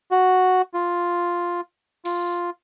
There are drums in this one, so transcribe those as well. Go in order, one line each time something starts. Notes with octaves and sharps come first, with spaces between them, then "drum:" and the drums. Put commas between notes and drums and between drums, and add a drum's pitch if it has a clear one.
F#4
F4
F4, drum: open hi-hat